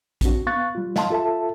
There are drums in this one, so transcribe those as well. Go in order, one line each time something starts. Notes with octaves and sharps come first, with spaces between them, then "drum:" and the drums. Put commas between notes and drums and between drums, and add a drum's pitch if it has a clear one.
C4 D4 F#4, drum: kick A1, hi-hat
B3 F5 C#6 F#6 A6
G3 F4
D#5 F5 A5 C6, drum: snare
F4 A4 E5 A5